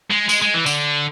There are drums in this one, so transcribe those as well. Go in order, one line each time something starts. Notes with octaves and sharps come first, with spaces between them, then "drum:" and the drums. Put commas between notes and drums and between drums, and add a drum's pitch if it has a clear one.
G#3
G#3, drum: tambourine
G#3
E3
D3, drum: tambourine